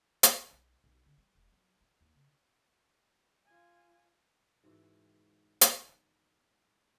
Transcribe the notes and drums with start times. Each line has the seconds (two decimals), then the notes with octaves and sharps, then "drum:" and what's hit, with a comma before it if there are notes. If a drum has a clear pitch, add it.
0.23 F3, drum: hi-hat
0.40 A3
0.53 B1
0.84 B1
1.06 D3
1.18 G3
1.35 E1
1.52 F#3
1.81 B3
2.01 D#2
2.15 C#3
3.45 F4 G#5
4.64 G#2 B2 E3
5.61 drum: hi-hat